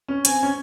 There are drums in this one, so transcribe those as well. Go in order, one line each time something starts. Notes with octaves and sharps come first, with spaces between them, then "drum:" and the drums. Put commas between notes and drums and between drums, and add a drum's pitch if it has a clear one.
C#4
C4 G#5, drum: hi-hat
C#4